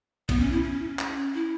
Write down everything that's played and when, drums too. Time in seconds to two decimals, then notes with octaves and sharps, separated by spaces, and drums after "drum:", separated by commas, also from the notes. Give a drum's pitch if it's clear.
0.29 B3, drum: kick, cymbal
0.40 C#4
0.52 E4
0.64 C#4
0.99 drum: clap
1.35 E4